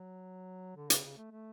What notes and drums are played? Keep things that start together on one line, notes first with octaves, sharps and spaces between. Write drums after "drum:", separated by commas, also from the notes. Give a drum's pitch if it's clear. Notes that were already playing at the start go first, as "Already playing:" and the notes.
Already playing: F#3
D3
C#3, drum: hi-hat
C#3
A3
A3